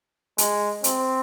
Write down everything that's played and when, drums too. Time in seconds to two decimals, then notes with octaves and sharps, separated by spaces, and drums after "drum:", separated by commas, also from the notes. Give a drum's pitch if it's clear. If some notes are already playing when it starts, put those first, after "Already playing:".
0.38 G#3, drum: hi-hat
0.84 C4, drum: hi-hat